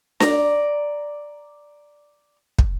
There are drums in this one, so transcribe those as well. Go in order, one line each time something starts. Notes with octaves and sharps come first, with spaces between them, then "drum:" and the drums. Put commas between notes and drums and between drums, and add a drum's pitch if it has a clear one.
D5 A#5, drum: snare D4
drum: kick